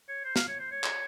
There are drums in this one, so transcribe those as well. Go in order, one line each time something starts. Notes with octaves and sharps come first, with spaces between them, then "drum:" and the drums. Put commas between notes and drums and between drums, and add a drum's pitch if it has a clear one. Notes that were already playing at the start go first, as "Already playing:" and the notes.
C#5
C5
F5, drum: snare
C#5
C5
C#5
drum: clap